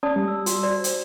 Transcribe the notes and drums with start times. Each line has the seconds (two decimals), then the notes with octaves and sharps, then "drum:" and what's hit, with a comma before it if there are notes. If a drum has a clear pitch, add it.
0.03 C#4 D5 A5 D#6
0.16 G3
0.28 E6
0.46 F#4, drum: hi-hat
0.63 C5 D5
0.84 drum: hi-hat